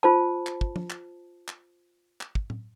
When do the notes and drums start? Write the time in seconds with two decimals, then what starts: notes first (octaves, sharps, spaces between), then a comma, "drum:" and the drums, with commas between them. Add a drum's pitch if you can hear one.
0.03 F4 C5 A5
0.47 drum: clap
0.61 drum: kick
0.76 drum: tom
0.90 drum: clap
1.48 drum: clap
2.21 drum: clap
2.35 drum: kick
2.50 drum: tom A2